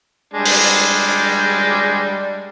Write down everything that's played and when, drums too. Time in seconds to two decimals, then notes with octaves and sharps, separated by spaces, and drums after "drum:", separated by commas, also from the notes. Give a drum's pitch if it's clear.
0.34 G3 G#3 D4
0.45 drum: open hi-hat